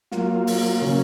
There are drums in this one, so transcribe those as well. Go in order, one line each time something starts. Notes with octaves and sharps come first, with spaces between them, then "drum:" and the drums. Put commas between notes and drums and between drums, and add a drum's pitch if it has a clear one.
F#3 A#3 F4, drum: snare
drum: open hi-hat
C#3 F#3 A#3 C#4